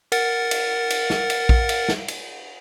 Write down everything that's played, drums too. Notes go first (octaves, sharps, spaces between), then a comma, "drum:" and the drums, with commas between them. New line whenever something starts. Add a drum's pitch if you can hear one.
A#4 F#5 A6, drum: cymbal
drum: cymbal
drum: cymbal
drum: snare
drum: cymbal
drum: kick A#1
drum: cymbal
drum: snare
drum: cymbal